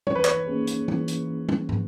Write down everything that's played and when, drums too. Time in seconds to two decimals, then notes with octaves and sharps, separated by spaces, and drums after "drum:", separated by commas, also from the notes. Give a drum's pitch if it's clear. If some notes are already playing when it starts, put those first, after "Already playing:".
0.07 E3 C#5, drum: tom
0.15 B4
0.25 C#5, drum: clap
0.47 A#3 C#4 G#4
0.67 drum: hi-hat
0.88 E3, drum: tom
1.08 drum: hi-hat
1.49 drum: tom
1.69 drum: tom